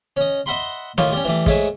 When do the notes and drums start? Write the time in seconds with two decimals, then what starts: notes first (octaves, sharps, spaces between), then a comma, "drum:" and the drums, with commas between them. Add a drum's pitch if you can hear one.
0.17 C#4 D#5
0.46 D#5 E5 F#5 B5 C6
0.98 D#2 A2 F4 C#6, drum: snare
1.12 G3 C#4
1.25 E3 G3 A3
1.46 G#2 A3 C#5 E5 G#5, drum: kick